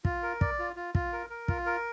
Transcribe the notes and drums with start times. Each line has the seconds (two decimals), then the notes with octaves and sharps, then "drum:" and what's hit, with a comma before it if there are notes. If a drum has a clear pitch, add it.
0.05 F4, drum: kick
0.22 A#4
0.41 D5, drum: kick
0.59 F4
0.76 F4
0.95 F4, drum: kick
1.13 A#4
1.30 A#4
1.48 F4, drum: kick
1.66 A#4